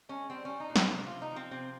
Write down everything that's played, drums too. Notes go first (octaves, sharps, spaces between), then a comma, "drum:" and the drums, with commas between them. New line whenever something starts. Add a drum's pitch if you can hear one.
G#3 C#4
G3 C4
G3 C#4
D#4
A#2
F4, drum: snare
C3
C3 F4
D#4
F3 C4
C3 C4